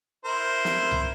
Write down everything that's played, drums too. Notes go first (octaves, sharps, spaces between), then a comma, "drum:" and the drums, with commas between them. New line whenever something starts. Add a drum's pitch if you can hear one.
E4 A#4 C5
drum: snare
drum: tom C2